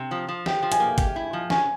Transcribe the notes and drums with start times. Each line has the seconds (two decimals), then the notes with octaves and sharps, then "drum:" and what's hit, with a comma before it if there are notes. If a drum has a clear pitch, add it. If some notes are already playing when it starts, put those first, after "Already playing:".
Already playing: C3
0.11 F3
0.29 F3
0.46 G4 G5, drum: snare
0.63 F3
0.72 G#5, drum: hi-hat
0.80 A#3
0.98 G4, drum: kick, hi-hat
1.16 E4
1.33 F3
1.50 C#4 G#5, drum: snare